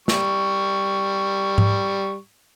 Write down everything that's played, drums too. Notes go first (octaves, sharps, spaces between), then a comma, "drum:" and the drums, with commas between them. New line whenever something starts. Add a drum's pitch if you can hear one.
G3 C#6, drum: snare
drum: tom G#2